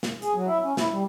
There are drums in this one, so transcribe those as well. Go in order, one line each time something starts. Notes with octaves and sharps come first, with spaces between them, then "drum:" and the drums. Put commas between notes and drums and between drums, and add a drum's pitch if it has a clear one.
drum: snare
G#4, drum: hi-hat
F#3
E4
C#4
E4, drum: snare
G3